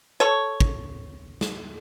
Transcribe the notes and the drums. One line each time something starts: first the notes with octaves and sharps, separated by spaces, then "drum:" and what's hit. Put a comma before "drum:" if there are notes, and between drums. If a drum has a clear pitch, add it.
A4 C#5
drum: kick
drum: snare